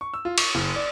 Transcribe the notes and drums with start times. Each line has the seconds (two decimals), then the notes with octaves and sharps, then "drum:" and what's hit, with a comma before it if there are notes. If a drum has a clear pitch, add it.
0.01 C#6
0.14 E6
0.25 F4
0.38 C#6, drum: cymbal
0.55 F#1
0.76 D5